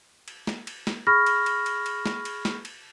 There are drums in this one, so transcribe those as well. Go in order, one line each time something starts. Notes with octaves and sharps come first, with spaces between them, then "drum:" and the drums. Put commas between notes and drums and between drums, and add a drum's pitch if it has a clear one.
drum: cymbal
drum: snare
drum: cymbal
drum: snare
G#4 B5 C#6 F6 A#6
drum: cymbal
drum: cymbal
drum: cymbal
drum: cymbal
drum: snare
drum: cymbal
drum: snare
drum: cymbal